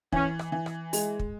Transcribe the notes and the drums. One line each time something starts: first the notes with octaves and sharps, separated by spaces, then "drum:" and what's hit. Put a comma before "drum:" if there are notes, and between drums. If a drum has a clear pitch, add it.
E3 C#4, drum: kick
drum: rim click
E3
drum: rim click
G#3, drum: open hi-hat
drum: kick